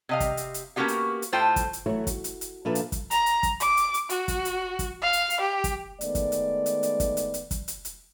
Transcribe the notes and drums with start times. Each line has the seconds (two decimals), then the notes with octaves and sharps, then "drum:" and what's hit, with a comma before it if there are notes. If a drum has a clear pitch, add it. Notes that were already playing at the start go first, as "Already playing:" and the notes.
0.09 C3 D#5 F5
0.20 drum: kick, hi-hat
0.37 drum: hi-hat
0.54 drum: hi-hat
0.76 A#3 B3 C#4 F#4 G4 F5
0.88 drum: hi-hat
1.22 drum: hi-hat
1.32 A2 A3 F4 C5 G5
1.56 drum: kick, hi-hat
1.73 drum: hi-hat
1.86 E3 F#3 A3 E4 F#4 C#5
2.07 F#4, drum: kick, hi-hat
2.24 drum: hi-hat
2.41 drum: hi-hat
2.65 A#2 F3 D4 A4 B4 E5
2.75 drum: hi-hat
2.92 drum: kick, hi-hat
3.11 A#5, drum: hi-hat
3.26 drum: hi-hat
3.43 drum: kick, hi-hat
3.60 D6, drum: hi-hat
3.77 drum: hi-hat
3.94 drum: hi-hat
4.10 F#4, drum: hi-hat
4.28 drum: kick, hi-hat
4.45 drum: hi-hat
4.79 drum: kick, hi-hat
5.02 F5
5.13 drum: hi-hat
5.30 drum: hi-hat
5.40 G4
5.64 drum: kick, hi-hat
6.01 D#3 G#3 A3 B3 D5, drum: hi-hat
6.15 drum: kick, hi-hat
6.32 drum: hi-hat
6.66 drum: hi-hat
6.83 drum: hi-hat
7.00 drum: kick, hi-hat
7.17 drum: hi-hat
7.34 drum: hi-hat
7.51 drum: kick, hi-hat
7.68 drum: hi-hat
7.85 drum: hi-hat